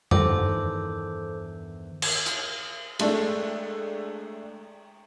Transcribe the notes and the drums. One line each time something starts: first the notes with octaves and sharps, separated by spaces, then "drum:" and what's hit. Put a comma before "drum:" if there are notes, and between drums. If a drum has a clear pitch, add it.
E2 G2 D#3 A4 C5 D6, drum: tom F2
drum: cymbal
drum: hi-hat
G#3 A3 D4 A4, drum: cymbal